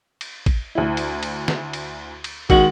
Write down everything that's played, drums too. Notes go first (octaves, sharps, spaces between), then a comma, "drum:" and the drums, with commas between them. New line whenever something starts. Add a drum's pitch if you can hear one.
drum: cymbal
drum: kick, cymbal
D2 E4
drum: cymbal
drum: cymbal
drum: snare
drum: cymbal
drum: cymbal
D#3 G#3 F#4, drum: kick, cymbal